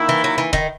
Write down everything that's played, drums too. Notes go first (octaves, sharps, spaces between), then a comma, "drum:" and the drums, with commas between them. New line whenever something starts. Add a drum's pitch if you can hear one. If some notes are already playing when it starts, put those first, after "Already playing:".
Already playing: D#3 A#3 E4
E3
F#3
E3
D#3, drum: kick